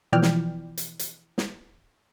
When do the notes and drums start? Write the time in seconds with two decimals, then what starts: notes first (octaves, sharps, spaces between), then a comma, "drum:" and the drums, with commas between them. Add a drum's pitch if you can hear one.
0.13 B2 E3 F3 D5 G5 F6
0.22 drum: snare
0.77 drum: hi-hat
0.99 drum: hi-hat
1.38 drum: snare